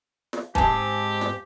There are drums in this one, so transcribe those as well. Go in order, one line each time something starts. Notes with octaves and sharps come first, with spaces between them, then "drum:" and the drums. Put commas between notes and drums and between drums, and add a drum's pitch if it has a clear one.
drum: snare
G#2 C4 G4 G#5 A5, drum: kick
drum: snare